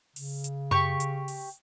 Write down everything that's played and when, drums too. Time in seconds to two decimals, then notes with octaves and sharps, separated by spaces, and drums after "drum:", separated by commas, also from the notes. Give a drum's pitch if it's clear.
0.16 C#3, drum: open hi-hat
0.44 drum: hi-hat
0.71 G4 C#6, drum: tom F#2
1.00 drum: hi-hat
1.28 drum: open hi-hat